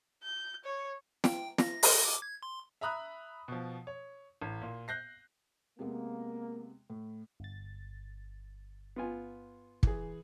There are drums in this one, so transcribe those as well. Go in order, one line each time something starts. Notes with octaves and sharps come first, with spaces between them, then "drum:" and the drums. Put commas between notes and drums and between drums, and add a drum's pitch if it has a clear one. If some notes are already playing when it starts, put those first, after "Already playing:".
G6
C#5
G5, drum: snare
A#6, drum: snare
drum: open hi-hat
D6
G#6
C6
E5 A#5 B5 D#6 F#6
B2 F3
C#5
A1
A#2
F#6 G6 A#6 C7
C3 G#3 A#3 B3
A2
G1 A6
B3 F4 G#5
E3 G#4, drum: kick